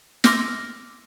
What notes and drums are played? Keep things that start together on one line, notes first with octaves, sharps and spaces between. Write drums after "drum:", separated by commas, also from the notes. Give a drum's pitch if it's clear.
C6 D6 E6 F6 G6 A#6, drum: snare